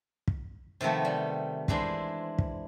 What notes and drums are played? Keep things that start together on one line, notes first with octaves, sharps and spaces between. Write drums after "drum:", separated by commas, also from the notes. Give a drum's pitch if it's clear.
drum: kick
C3 D#3 F3 A3 B3
G3
E3 G#3 D4 E4 C5, drum: kick
drum: kick